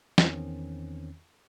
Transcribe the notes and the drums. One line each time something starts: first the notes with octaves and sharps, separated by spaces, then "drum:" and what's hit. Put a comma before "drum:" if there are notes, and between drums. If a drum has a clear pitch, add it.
E2 D#3 C4 C#4, drum: snare